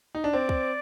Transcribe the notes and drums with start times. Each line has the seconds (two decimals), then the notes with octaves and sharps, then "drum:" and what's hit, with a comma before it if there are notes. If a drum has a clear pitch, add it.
0.15 D#4
0.24 D4
0.33 C4 D5
0.49 drum: kick